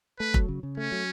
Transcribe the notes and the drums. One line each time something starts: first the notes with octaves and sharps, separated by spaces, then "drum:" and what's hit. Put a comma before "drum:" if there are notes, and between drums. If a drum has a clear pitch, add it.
A3 B4
F#3, drum: kick F1
C#3
C#3
A3 C#4
F#3